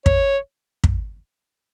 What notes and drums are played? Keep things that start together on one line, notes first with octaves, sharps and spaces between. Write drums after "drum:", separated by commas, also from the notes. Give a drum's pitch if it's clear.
C#5, drum: kick
drum: kick